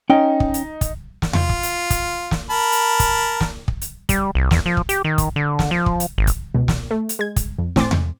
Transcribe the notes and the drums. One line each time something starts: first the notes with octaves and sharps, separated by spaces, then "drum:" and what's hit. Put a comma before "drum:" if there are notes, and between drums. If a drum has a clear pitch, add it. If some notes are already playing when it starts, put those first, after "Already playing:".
C#4 D#4 G5
drum: kick
drum: hi-hat
drum: kick, hi-hat
drum: snare
F4, drum: tom E2
drum: kick
drum: hi-hat
drum: kick, hi-hat
drum: snare
A#4 A5 B5
drum: hi-hat
drum: kick, hi-hat
drum: snare
drum: kick
drum: hi-hat
G3, drum: kick, hi-hat
C2
E2, drum: snare
F3
drum: kick
G4, drum: hi-hat
D#3
drum: kick, hi-hat
D3
drum: snare
F3
drum: kick
drum: hi-hat
G#1
drum: kick, hi-hat
C#2 B2
drum: snare
A3
drum: hi-hat
G#3 G#6
drum: kick, hi-hat
F2
A2 C4 G#5 C6 D6 A6, drum: snare
drum: tom E2